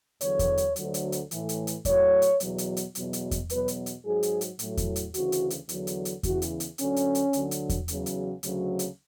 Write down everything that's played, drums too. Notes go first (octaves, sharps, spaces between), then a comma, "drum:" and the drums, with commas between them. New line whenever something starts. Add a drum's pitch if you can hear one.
E2 D3 F#3 C#5, drum: hi-hat
drum: kick E2, hi-hat
drum: hi-hat
D2 D3 F#3, drum: hi-hat
drum: hi-hat
drum: hi-hat
A2 E3, drum: hi-hat
drum: hi-hat
drum: hi-hat
A2 F#3 C#5, drum: kick E2, hi-hat
drum: hi-hat
E2 B2 F#3, drum: hi-hat
drum: hi-hat
drum: hi-hat
E2 B2 F#3, drum: hi-hat
drum: hi-hat
drum: kick E2, hi-hat
E2 B2 F#3 B4, drum: hi-hat
drum: hi-hat
drum: hi-hat
G#2 F#3 G#4
drum: hi-hat
drum: hi-hat
A2 F#3, drum: hi-hat
drum: kick E2, hi-hat
drum: hi-hat
D2 C#3 E3 F#4, drum: hi-hat
drum: hi-hat
drum: hi-hat
E2 D3 F#3, drum: hi-hat
drum: hi-hat
drum: hi-hat
E2 C#3 E3 F#4, drum: kick E2, hi-hat
drum: hi-hat
drum: hi-hat
D2 D3 F#3 C#4, drum: hi-hat
drum: hi-hat
drum: hi-hat
D2 D3 F#3, drum: hi-hat
drum: hi-hat
drum: kick E2, hi-hat
E2 C#3 F#3, drum: hi-hat
drum: hi-hat
D2 C#3 F#3, drum: hi-hat
drum: hi-hat